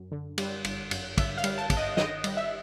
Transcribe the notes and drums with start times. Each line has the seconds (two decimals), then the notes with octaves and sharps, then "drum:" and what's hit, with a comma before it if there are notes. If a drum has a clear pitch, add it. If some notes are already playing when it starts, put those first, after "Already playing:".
Already playing: F#2
0.12 D3
0.38 G3, drum: cymbal
0.65 G1, drum: cymbal
0.91 F#2, drum: cymbal
1.18 D3 E5, drum: kick, cymbal
1.38 F5
1.44 G3, drum: cymbal
1.58 A5
1.70 G1, drum: kick, cymbal
1.77 D#5
1.97 D#3 D#5, drum: snare
2.24 G3, drum: cymbal
2.37 E5